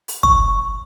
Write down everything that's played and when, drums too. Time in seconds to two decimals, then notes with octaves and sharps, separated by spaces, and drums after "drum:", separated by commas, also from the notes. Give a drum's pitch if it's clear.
0.08 drum: open hi-hat
0.23 C#6, drum: kick